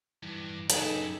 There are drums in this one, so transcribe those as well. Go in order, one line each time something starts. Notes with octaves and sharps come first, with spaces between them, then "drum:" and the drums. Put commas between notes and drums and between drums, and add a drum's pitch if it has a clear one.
G2 E3
F#1 F#2 D#4 E4 G#4 A4 B4 G5, drum: hi-hat